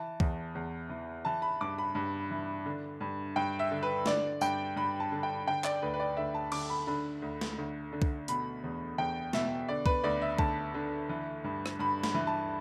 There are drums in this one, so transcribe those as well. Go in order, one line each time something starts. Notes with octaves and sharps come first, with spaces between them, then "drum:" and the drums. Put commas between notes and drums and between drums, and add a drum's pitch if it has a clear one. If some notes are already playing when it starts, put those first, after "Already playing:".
Already playing: E3 A5
E2, drum: kick C2
E2
E3
E3 A5
B5
G2 D6
B5
G2
E3
D3
G2
G2 G5
E5
D3
B4
D3 D5, drum: snare
G2 G5, drum: tambourine
G2 B5
A5
D3
G5
D3 G5
D5, drum: clap
D2 B4
B4
D5
D2 E5
A5
D3 D6, drum: cymbal
B5
D3 B5
D2
drum: snare
D2
D3
drum: kick C2
B2 B5, drum: hi-hat
E2
E2 G5
B2 E5, drum: snare
D3 D5
B4, drum: kick C2
D2 D5
E5
D2 A5, drum: kick C2
D3
E3
G2
drum: rim click
G2 B5
B5, drum: snare
E3
A5